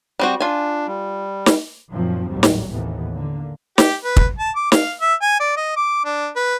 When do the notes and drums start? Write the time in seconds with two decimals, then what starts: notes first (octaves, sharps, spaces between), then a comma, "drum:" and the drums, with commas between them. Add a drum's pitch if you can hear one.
0.19 G3 C4 F#4
0.40 D4 F4 G#5
0.87 G3
1.46 drum: snare
1.90 F#2 A#2 D#3 F3 F#3 C4
2.29 G#1 D#2 A2 F#3 G3
2.43 drum: snare
2.69 D#2 A2 C3 E3 B3
3.12 D3 A#3
3.78 G4, drum: snare
4.04 B4
4.17 drum: kick
4.39 A5
4.56 D6
4.72 F5, drum: snare
5.01 E5
5.22 G#5
5.40 D5
5.56 D#5
5.76 D6
6.05 D4
6.36 B4